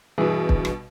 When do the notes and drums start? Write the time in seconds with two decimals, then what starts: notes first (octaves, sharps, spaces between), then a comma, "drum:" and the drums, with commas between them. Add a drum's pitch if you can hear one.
0.18 G2 B2 E3 G#4
0.49 drum: kick
0.65 drum: rim click